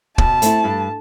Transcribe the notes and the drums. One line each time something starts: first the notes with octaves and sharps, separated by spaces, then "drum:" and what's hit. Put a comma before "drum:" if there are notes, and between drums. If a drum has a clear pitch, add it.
B2 A5, drum: kick
A3 C4 E4, drum: hi-hat
G2